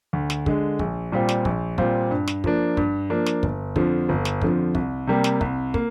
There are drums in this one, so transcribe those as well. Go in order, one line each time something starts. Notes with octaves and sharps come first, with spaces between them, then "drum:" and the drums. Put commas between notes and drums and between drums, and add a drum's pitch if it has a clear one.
D2
drum: snare
D3 G#3, drum: kick
A#1, drum: kick
A#2 G3 C4 F4
drum: snare
A#1, drum: kick
A#2 G3 C4 F4, drum: kick
G2
drum: snare
F3 A#3 D4, drum: kick
G2, drum: kick
F3 A#3 D4
drum: snare
G1, drum: kick
F2 D3 F3, drum: kick
G1
drum: snare
F2 D3 F3, drum: kick
C2, drum: kick
C3 G3 A#3
drum: snare
C2, drum: kick
A#3, drum: kick